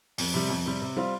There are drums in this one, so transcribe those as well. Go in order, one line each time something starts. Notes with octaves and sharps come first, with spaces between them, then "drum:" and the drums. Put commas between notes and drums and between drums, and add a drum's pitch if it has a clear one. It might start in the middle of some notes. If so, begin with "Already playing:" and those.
F2, drum: open hi-hat
C3 G3
F2
C3 G3
C3
G3 C4 F4